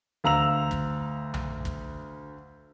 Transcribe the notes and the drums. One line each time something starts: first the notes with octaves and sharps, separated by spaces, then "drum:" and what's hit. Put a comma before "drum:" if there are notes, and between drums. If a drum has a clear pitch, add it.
D2 F5 A#5 E6 F7
drum: kick
drum: tom B1
drum: kick